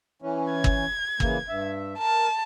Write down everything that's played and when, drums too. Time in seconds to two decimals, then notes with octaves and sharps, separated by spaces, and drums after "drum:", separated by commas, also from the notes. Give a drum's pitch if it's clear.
0.22 E3 C#4
0.53 G#6
0.64 drum: kick
1.20 C#3 E3 A#3, drum: kick
1.49 G2 E5
1.99 A#4 A5